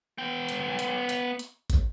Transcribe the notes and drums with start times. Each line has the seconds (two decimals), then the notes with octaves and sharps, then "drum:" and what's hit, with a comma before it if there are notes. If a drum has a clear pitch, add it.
0.18 B3 G5
0.49 drum: hi-hat
0.79 drum: hi-hat
1.09 drum: hi-hat
1.39 drum: hi-hat
1.70 drum: kick G#1, hi-hat